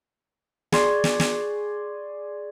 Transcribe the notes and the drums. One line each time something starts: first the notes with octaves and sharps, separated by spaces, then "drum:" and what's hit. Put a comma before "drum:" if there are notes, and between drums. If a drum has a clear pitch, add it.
G#4 D5 C6 C#6, drum: snare
drum: snare
drum: snare